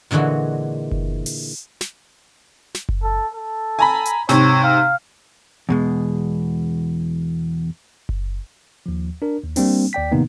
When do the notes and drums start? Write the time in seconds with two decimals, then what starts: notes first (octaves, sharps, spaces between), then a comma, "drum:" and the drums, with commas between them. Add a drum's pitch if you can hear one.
0.11 A#2 D3 E3 G#3 F#4
0.91 drum: kick F#1
1.26 drum: open hi-hat
1.81 drum: snare
2.75 drum: snare
2.89 drum: kick F#1
3.03 A4
3.34 A4
3.79 G#5 A#5 B5
4.05 drum: hi-hat
4.29 G#2 C3 C#5, drum: snare
4.63 F5
5.69 E2 B2 G#3
8.09 drum: kick F#1
8.86 D#2 F3
9.22 D4 A#4
9.44 D#2
9.56 G3 A#3 C4 D4, drum: open hi-hat
9.93 D#2 D5 G5 B6
10.12 A2 C3 D#3 A#3 B3 D#4